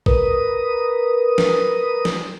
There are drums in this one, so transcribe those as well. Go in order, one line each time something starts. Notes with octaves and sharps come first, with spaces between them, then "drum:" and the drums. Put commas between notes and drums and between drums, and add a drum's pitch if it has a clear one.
A#4 B4 D#6, drum: kick A1
drum: snare
drum: snare